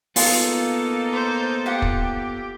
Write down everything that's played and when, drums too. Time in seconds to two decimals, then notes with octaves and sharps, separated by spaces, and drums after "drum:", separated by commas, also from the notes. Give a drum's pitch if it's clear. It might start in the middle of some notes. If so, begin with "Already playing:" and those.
0.16 A#3 B3 D#4 F4 A4, drum: open hi-hat
1.12 C5
1.66 F4 G4 F#5
1.82 drum: kick